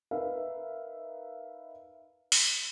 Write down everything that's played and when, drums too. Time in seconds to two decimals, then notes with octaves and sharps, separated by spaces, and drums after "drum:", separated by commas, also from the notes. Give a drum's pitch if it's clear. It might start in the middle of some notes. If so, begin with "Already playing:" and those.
0.11 D#4 A#4 B4 E5 F5
2.32 drum: open hi-hat